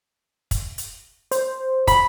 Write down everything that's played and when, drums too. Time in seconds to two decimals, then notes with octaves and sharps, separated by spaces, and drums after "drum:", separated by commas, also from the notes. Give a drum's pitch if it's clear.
0.51 drum: kick, hi-hat
0.78 drum: hi-hat
1.32 C5, drum: hi-hat
1.87 B5, drum: kick, hi-hat